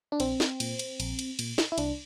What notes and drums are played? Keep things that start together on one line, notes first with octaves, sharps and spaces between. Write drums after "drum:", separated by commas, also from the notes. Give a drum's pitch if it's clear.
D4
A#1 C4, drum: cymbal
drum: snare
A#2, drum: cymbal
drum: cymbal
A#1, drum: cymbal
drum: cymbal
A#2, drum: cymbal
drum: snare
E4
C2 D4, drum: cymbal